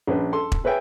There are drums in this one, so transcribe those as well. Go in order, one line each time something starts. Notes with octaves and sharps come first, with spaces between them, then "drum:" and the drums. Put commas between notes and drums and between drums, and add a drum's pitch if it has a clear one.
A#1 C#4 B4
A4 C6
drum: kick E1
G#4 B4 C#5 E5 G5 G#5